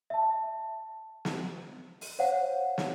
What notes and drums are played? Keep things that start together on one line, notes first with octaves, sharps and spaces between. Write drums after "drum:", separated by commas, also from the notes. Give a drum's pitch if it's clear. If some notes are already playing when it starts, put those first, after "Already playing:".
E5 A5
drum: snare
drum: open hi-hat
C5 C#5 F5 F#5
drum: snare